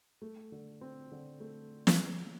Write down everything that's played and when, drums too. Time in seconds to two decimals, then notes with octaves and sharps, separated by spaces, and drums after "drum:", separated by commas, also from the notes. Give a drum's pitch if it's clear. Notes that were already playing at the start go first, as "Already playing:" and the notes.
0.22 A3
0.52 D3
0.81 C4
1.12 D3
1.40 A3
1.87 drum: snare